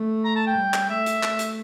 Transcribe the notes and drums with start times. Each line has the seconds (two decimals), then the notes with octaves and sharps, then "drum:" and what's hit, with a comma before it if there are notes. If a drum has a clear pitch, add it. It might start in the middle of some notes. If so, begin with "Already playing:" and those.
Already playing: A3
0.24 A#5
0.35 A5
0.47 G5
0.57 G3
0.74 drum: clap
0.90 A3 E5
1.06 drum: hi-hat
1.23 A3, drum: clap
1.39 drum: hi-hat